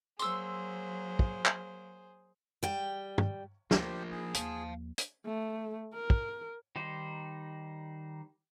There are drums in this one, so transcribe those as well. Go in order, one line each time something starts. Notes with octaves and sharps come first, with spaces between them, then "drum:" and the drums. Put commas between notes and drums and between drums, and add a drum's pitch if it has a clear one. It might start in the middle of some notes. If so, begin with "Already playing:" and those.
F#3 A#3 G#4 C5 C6 E6, drum: tambourine
drum: kick
drum: clap
G3 G5
drum: tom
D2 F3 A3 A#3 G4 C5, drum: snare
D#4 G#4
D#2 F3 F5 A5, drum: hi-hat
drum: hi-hat
A3
A#4
drum: kick
D#3 G3 D#4 C5